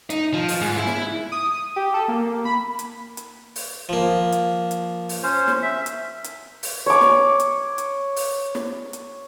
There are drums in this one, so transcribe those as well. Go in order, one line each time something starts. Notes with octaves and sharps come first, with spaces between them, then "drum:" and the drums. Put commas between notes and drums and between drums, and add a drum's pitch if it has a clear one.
D#4, drum: hi-hat
F3
drum: open hi-hat
G#2
E4
drum: snare
D#6
G4
A4
A#3
B5
drum: hi-hat
drum: hi-hat
drum: open hi-hat
F3 A#3
drum: hi-hat
drum: hi-hat
drum: open hi-hat
C#4 C5
drum: snare
E5
drum: hi-hat
drum: hi-hat
drum: open hi-hat
C#5 D6
drum: snare
drum: hi-hat
drum: hi-hat
drum: open hi-hat
drum: snare
drum: hi-hat